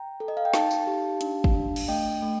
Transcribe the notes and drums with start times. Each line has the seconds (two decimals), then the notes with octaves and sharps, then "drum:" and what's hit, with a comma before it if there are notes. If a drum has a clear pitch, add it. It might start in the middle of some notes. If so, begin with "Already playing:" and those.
Already playing: G5 A#5
0.20 A4
0.28 D#5
0.37 F5
0.45 G5
0.54 D#4 F5 A5, drum: snare
0.71 drum: tambourine
0.87 G4
1.21 D4, drum: hi-hat
1.44 drum: kick
1.55 D4
1.76 drum: cymbal
1.88 A3 D#5 G5
2.22 A3